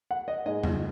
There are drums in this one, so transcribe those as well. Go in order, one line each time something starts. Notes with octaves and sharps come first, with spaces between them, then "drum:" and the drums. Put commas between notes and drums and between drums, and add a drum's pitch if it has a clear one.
F#5
D#5
G#2 G#3 D#5
drum: tom E2